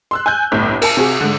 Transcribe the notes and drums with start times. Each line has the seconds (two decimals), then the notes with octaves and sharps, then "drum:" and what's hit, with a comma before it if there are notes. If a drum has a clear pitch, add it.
0.11 C6 E6 F#6
0.26 G#5 F#6 G6
0.52 G1 C2 A2
0.82 A#4 G#5 A5, drum: cymbal
0.97 C3 F#4 G#4
1.21 G#2 D3